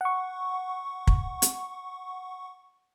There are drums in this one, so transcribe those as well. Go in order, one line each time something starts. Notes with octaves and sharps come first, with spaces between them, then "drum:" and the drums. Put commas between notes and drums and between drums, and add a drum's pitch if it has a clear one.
F#5 C#6
drum: kick
drum: hi-hat